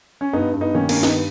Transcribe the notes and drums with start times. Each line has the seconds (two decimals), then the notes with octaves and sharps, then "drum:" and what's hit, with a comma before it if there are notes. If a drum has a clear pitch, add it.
0.21 C#4
0.33 G2 B3 D#4
0.53 G2
0.61 B3 D#4
0.75 D#3 A#3 C#4
0.89 A#3 C#4, drum: cymbal
0.96 G2
1.03 B3 D#4, drum: snare